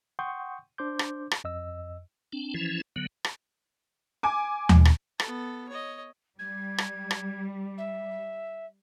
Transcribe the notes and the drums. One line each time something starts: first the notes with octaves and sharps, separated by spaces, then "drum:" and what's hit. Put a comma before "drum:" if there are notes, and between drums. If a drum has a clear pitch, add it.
F#5 G5 C6 C#6 D#6 G6
D4 C5 C6 D6 G6
drum: rim click
drum: rim click
F2 D#5 E6
C4 D4
E3 F3 C#4 E4
D3 F#3 B3
drum: rim click
G#5 D6
drum: tom D#2
drum: rim click
B3 A4, drum: rim click
C#5 D#5
G3 G#6
drum: rim click
drum: rim click
E5